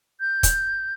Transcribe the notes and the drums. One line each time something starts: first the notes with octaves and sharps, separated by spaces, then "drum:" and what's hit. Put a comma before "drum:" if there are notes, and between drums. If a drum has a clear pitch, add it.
G6
drum: kick, hi-hat